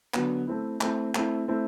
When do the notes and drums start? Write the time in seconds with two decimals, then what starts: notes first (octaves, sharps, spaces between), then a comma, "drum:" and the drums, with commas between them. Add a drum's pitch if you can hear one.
0.14 D3 F#3 B3, drum: clap
0.47 A3 C4 E4
0.81 A3 C4 E4, drum: clap
1.15 A3 C4 E4, drum: clap
1.48 A3 C4 E4